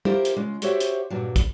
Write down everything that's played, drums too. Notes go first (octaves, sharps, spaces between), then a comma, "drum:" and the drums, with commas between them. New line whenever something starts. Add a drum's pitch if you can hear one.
E4 F4 G4 A#4 C5 F5, drum: tom
drum: hi-hat
C#3 G#3 F4
F#4 G4 C5 C#5 E5 F#5, drum: hi-hat
drum: hi-hat
G2 A#2 F#3
drum: kick, hi-hat